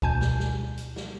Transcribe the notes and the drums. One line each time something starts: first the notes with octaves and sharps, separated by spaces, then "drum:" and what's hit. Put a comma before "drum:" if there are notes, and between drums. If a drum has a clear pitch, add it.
D2 B2 G#5 A5 G6, drum: kick A#1
drum: snare
drum: snare
drum: hi-hat
drum: snare